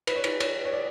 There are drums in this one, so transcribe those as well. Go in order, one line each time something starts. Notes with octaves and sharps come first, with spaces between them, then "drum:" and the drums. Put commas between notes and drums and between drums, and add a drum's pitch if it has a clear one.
B4, drum: cymbal
C#5
B4, drum: cymbal
C#5, drum: cymbal
C#5
D5